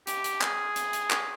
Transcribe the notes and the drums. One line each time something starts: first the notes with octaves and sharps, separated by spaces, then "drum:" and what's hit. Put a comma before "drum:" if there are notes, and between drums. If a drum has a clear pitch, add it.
G4, drum: hi-hat
drum: hi-hat
G#4, drum: clap
drum: hi-hat
drum: hi-hat
drum: clap